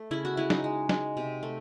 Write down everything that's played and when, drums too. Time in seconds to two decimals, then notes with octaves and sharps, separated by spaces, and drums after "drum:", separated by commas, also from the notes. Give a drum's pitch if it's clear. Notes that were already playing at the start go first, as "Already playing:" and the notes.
Already playing: A3
0.11 C#3 E4
0.25 F#4
0.37 G#3 E4
0.50 D#4, drum: snare
0.64 G#3
0.89 G#3, drum: snare
1.17 C3
1.43 A3